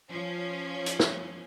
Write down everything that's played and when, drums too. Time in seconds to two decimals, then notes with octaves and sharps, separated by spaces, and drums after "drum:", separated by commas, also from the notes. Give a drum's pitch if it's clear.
0.10 F3 C#4
0.86 drum: hi-hat
1.00 drum: snare